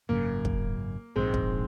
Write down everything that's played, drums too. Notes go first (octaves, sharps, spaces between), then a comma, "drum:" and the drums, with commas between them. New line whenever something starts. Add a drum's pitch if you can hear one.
G#1 F#2 C#3 A#3
drum: kick
A#1 G#2 D#3 G#3 C4
drum: kick